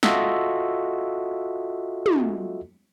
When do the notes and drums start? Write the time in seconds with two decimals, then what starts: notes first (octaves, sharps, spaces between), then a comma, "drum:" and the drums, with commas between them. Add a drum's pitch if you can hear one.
0.03 F4 F#4 A4 D#5 E5, drum: snare
2.06 drum: tom